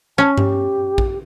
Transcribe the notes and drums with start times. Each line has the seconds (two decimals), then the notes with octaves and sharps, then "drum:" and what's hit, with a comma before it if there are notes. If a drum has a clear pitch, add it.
0.18 C#4 A5
0.38 G4, drum: tom G2
0.98 drum: kick